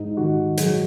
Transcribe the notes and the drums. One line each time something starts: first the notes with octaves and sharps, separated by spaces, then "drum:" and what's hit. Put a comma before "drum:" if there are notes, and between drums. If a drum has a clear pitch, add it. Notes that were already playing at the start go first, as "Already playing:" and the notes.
Already playing: G#2 D#4
D#3 F#4
F#3 G#4, drum: hi-hat